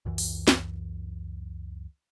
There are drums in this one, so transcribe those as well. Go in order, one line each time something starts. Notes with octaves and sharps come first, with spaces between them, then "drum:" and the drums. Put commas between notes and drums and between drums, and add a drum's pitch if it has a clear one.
C#2 F#2 E3
drum: open hi-hat
drum: snare